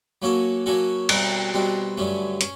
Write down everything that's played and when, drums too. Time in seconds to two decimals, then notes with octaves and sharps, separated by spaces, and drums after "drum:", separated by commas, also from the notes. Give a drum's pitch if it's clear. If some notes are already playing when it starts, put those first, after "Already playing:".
0.22 F#3 A#3 C#4 F#4 A4
0.66 F#3 A#3 C#4 F#4 A4
1.09 B2 G3 C4, drum: cymbal
1.54 B2 G3 C4
1.97 G2 D3 F#3 A3 C#4
2.41 C#4, drum: hi-hat